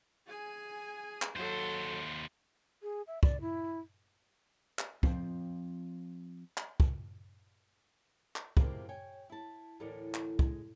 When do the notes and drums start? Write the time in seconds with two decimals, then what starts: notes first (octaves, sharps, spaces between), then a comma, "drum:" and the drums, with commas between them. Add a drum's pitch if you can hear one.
0.27 G#4 G#5
1.22 drum: clap
1.36 D#2 F#3 A4 C5
2.83 G#4
3.07 E5
3.23 D5, drum: kick
3.41 E4
4.79 drum: clap
5.03 F3 C4, drum: kick
6.57 drum: clap
6.80 drum: kick
8.36 drum: clap
8.57 C3 F3 G#3 A#3 C4 E4, drum: kick
8.89 C#5 G5 G#5
9.30 E4 A5
9.80 D2 A2 E3 A4 A#4 D5
10.14 drum: clap
10.39 G#3, drum: kick